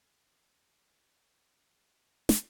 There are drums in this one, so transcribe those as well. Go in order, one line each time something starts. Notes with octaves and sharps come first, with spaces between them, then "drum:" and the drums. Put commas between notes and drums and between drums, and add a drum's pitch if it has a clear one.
D3
D#3
A#3
A#3
C4
C4
drum: snare